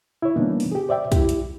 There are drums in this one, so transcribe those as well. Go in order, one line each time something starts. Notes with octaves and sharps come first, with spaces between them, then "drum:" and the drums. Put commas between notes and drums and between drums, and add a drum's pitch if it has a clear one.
E4 C#5
E3 G3 A#3 B3 D4 D#4
drum: open hi-hat
G4 G#4
C5 D5 E5 G5
E4 G4, drum: kick, hi-hat
drum: hi-hat